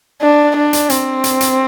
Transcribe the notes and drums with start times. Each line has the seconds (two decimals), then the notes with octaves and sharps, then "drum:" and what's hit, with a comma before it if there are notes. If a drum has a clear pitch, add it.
0.22 D4
0.57 D4
0.73 drum: hi-hat
0.90 C4, drum: hi-hat
1.24 drum: hi-hat
1.41 drum: hi-hat